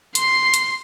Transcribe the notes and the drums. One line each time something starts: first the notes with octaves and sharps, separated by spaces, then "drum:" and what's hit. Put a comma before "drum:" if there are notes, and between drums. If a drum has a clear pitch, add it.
C6 C7, drum: hi-hat
drum: hi-hat